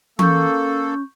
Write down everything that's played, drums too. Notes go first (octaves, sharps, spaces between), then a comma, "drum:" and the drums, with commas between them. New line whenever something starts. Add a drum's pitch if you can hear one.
A#3 C#4 A4 C#6 G6, drum: tom E3